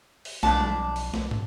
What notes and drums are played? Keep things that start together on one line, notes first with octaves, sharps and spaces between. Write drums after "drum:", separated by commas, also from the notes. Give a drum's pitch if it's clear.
drum: open hi-hat
B1 F2 D4 A5, drum: snare A3
drum: tom G3
drum: open hi-hat
drum: snare A3
drum: tom